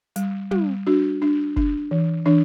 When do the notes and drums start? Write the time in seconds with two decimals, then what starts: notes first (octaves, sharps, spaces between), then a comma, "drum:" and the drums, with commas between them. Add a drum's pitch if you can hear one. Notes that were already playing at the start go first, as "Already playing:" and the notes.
0.16 G3, drum: hi-hat
0.51 G3, drum: tom
0.87 D4 F#4
1.22 D4
1.56 D4, drum: kick F#1
1.91 E3
2.26 E3 D4